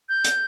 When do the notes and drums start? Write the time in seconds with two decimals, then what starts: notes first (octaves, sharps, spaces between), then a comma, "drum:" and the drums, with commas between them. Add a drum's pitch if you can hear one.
0.09 G6
0.24 drum: hi-hat